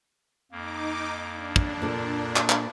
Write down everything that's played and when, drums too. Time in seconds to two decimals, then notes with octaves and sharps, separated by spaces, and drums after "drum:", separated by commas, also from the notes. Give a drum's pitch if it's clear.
0.52 F2 A#3 D#4 D6
1.34 D4
1.56 drum: kick
1.82 A#2 A4
2.36 drum: clap
2.50 drum: clap